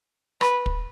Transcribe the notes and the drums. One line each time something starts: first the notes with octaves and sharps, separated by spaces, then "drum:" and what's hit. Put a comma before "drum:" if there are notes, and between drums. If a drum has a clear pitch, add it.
B4, drum: rim click
drum: kick